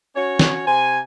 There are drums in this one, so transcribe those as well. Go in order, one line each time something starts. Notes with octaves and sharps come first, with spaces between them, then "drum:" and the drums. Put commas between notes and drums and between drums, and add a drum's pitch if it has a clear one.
C#4 F#4 C#5
drum: snare
C3 C5 G#5